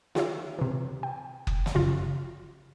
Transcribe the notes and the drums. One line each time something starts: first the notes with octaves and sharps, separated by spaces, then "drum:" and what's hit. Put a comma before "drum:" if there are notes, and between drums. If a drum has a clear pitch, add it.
D#4 F4 G4 C#5 E5, drum: snare
C3 E3
G5
drum: kick F#1
drum: snare
F#2 C#3 F4